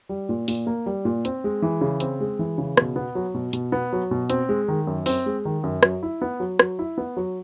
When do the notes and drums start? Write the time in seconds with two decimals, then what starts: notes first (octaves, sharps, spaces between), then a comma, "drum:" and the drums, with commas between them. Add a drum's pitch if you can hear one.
0.09 G3
0.29 A#2
0.48 A#2, drum: open hi-hat
0.67 A#3
0.86 G3
1.05 A#2
1.25 C4, drum: hi-hat
1.44 G#3
1.62 E3
1.81 C#3
2.00 C4, drum: hi-hat
2.20 G#3
2.39 E3
2.58 C#3
2.77 B2, drum: rim click
2.96 B3
3.15 F#3
3.34 B2
3.53 B2, drum: hi-hat
3.72 B3
3.92 F#3
4.11 B2
4.30 C4, drum: hi-hat
4.49 G#3
4.68 D#3
4.87 F#2
5.06 C4, drum: open hi-hat
5.26 G#3
5.45 D#3
5.64 F#2
5.83 F#3, drum: rim click
6.03 E4
6.22 B3
6.40 F#3
6.59 F#3, drum: rim click
6.79 E4
6.98 B3
7.17 F#3